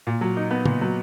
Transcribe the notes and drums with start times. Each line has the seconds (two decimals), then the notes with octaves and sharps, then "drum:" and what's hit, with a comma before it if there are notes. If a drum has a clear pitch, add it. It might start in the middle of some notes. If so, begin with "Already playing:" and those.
0.07 A#2
0.21 F#3
0.37 D#4
0.51 B3
0.66 A#2, drum: tom C#3
0.81 F#3